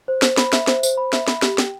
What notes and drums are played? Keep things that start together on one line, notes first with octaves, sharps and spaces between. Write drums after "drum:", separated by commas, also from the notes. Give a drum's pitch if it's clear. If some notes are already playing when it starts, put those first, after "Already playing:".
C5
C5, drum: snare
B5, drum: snare
E5, drum: snare
C5, drum: snare
C5, drum: tambourine
B5
E5, drum: snare
B5, drum: snare
G4, drum: snare
G5, drum: snare